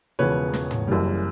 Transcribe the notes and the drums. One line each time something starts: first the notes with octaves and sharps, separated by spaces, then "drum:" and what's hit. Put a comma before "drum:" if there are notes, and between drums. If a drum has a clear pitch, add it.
E1 E2 C#3 F3 B4 C#5
drum: snare
drum: tom
F#1 F#2 C#3 E3 G3